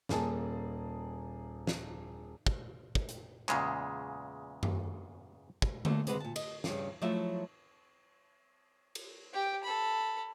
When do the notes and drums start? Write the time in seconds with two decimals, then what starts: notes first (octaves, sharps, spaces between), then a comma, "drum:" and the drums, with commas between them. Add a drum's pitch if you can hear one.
0.09 D#1 A#3 G#4 A5, drum: snare
1.67 drum: snare
2.47 drum: kick
2.95 drum: kick
3.09 drum: hi-hat
3.49 E2 A#2 C#3 G#3, drum: clap
4.63 drum: tom F#2
5.62 drum: kick
5.85 D3 A3 A#3, drum: tom D3
6.07 C3 G#3 B4 F#5, drum: hi-hat
6.20 A#2 A5
6.36 D#5, drum: cymbal
6.64 G2 C#3, drum: snare
7.02 F3 F#3 A3 E4 E5
8.95 drum: cymbal
9.33 G4 G5
9.63 A4 B5